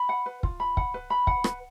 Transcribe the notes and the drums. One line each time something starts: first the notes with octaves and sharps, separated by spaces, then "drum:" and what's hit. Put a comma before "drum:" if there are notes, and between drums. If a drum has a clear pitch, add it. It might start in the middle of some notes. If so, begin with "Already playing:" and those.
Already playing: B5
F#5
B4
F4, drum: kick
B5
F#5, drum: kick
B4
B5
F#5, drum: kick
B4, drum: rim click